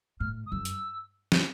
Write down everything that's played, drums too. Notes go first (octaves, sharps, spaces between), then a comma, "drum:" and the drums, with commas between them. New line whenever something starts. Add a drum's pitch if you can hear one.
A2 F6
D#6
F#2 E6
drum: hi-hat
drum: snare